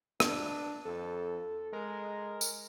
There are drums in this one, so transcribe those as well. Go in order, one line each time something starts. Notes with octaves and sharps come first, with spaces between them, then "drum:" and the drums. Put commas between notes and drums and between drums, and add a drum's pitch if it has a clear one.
D4, drum: rim click
F2 A4
G#3 A#4
drum: tambourine